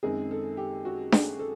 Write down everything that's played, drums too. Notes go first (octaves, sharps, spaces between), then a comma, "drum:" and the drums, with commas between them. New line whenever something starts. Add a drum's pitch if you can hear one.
F#2 D#3 G#3 C4 G#4
A4
G4
F#4
G#4, drum: snare D4
A4